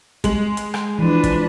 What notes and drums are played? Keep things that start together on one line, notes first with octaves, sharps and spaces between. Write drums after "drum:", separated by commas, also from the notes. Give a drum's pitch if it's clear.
G#3 F#7, drum: kick, hi-hat
drum: hi-hat
drum: rim click
E3 F3 D4 B4
drum: kick, hi-hat